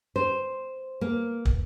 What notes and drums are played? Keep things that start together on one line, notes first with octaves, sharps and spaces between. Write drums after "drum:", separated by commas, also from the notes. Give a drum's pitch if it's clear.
C5
A#3
drum: kick